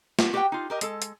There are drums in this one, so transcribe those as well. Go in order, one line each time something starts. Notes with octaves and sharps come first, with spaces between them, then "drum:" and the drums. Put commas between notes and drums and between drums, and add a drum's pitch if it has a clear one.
B3 F#4 G4 E5, drum: snare
F#4 G4 B4 D#5 F#5 G5
D#4 F4
G4 A#4 D#5
G#3 A4, drum: hi-hat
drum: hi-hat